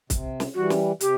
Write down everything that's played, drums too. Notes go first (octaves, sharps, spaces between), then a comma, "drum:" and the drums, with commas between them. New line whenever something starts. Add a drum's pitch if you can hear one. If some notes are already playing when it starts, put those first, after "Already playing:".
C3, drum: kick, hi-hat
drum: snare
E3 G3 F#4
drum: snare
C3 G4, drum: hi-hat